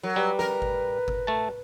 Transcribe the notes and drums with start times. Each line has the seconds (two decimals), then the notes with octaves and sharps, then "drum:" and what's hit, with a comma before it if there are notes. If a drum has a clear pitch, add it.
0.03 F#3 A#4
0.16 G3 B4
0.39 A#4, drum: snare
0.62 drum: kick G1
1.08 drum: kick G1
1.27 A3 A5